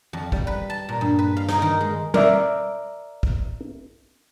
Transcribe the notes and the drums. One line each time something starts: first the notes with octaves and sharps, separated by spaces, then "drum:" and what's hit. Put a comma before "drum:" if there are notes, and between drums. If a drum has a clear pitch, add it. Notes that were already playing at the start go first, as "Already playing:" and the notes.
F2
G3, drum: kick
B4
A5
A#2
G2
B4
F5
D#4, drum: snare
D#3
G#3
A#4 D5 E5, drum: tom
drum: kick